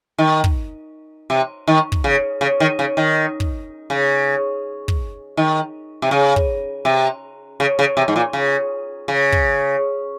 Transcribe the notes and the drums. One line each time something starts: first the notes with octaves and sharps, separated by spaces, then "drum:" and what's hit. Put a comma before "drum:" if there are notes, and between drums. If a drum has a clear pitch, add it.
D#3
drum: kick
C3
D#3
drum: kick
C#3
C#3
D#3
C#3
D#3
drum: kick
C#3
drum: kick
D#3
C3
C#3
drum: kick
C3
C#3
C#3
C3
G#2
A#2
C#3
C#3
drum: kick